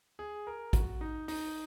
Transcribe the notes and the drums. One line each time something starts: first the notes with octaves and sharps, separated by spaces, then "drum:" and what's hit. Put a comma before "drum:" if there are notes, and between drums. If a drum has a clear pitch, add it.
G#4
A#4
F#4, drum: kick, hi-hat
D#4
D#4, drum: open hi-hat